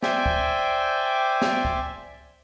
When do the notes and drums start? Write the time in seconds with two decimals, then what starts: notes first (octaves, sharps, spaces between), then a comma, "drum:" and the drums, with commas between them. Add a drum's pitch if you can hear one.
0.03 C5 D5 E5 G5 G#5, drum: snare
0.26 drum: kick
1.42 drum: snare
1.65 drum: kick